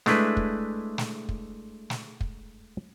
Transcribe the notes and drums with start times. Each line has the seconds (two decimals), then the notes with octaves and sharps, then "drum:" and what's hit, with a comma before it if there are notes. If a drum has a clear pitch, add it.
0.06 G#3 A3 D4 E4 B4, drum: snare
0.37 drum: kick
0.98 drum: snare
1.29 drum: kick
1.90 drum: snare
2.21 drum: kick